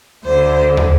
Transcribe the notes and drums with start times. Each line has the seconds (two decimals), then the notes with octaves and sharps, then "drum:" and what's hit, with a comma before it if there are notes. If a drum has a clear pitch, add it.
0.24 D2 D3 C5
0.77 drum: tom